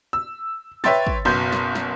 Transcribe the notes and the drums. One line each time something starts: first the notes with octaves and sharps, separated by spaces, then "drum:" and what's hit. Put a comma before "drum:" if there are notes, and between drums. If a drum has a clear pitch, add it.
E6
B4 C#5 E5 G5 C6 A6, drum: snare
drum: kick
F#1 B2 C6 G6
drum: snare
drum: snare